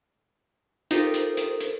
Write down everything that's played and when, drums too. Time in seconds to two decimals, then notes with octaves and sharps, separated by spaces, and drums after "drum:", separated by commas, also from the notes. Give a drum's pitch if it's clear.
0.91 D#4 F4 G4 A4 A#4 C5, drum: hi-hat
1.14 drum: hi-hat
1.37 drum: hi-hat
1.60 drum: hi-hat